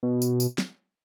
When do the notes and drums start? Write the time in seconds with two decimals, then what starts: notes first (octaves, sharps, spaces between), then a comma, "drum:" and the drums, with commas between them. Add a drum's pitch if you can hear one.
0.03 B2
0.22 drum: tambourine
0.40 drum: tambourine
0.58 drum: snare